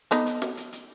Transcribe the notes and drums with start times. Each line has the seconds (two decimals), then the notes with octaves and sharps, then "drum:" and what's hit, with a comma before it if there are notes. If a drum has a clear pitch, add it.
0.11 B3 D#4 A4, drum: hi-hat
0.26 drum: hi-hat
0.42 drum: snare
0.57 drum: hi-hat
0.73 drum: hi-hat